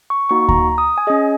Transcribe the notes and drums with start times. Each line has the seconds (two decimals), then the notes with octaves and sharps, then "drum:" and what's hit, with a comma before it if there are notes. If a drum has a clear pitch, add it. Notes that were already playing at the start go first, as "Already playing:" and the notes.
0.10 C#6
0.29 A#3 D#4 F#4 C#6
0.49 A#5, drum: kick D2
0.78 D#6
0.98 G#5
1.07 C#4 G#4 D#5